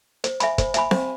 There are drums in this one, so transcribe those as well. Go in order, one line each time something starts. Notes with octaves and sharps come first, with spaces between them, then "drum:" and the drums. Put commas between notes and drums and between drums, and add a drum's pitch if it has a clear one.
C5, drum: hi-hat
E5 G#5 B5, drum: hi-hat
C5, drum: kick, hi-hat
E5 G#5 B5, drum: hi-hat
C5, drum: snare C4